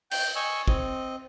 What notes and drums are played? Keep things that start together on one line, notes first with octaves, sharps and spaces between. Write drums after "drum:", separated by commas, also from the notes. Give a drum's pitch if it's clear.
G5 G6, drum: cymbal
D#5 G#5 C#6 E6
C4 D#5, drum: kick